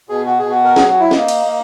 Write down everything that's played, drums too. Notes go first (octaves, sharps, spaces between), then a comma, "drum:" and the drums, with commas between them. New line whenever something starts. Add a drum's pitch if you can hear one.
B2 G#4
F#4
B2 G#4
F#4
A#4
F#3 G#4, drum: snare
F#4
E4
A#3 D#4, drum: snare
drum: cymbal
A#3